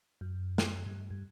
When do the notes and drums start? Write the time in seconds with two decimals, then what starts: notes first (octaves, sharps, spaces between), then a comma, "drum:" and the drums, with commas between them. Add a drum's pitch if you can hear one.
0.21 F#2
0.58 drum: snare
0.86 G2
1.11 G2